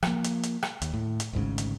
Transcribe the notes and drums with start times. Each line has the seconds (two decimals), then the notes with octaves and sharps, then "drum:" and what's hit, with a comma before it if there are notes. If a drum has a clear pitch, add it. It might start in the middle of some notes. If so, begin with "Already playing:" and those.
0.03 F3 A#3, drum: rim click
0.24 drum: hi-hat
0.43 drum: hi-hat
0.62 drum: rim click
0.82 D#2, drum: hi-hat
0.93 A2
1.20 drum: hi-hat
1.33 G#1 D2 G#2 C#3
1.58 drum: hi-hat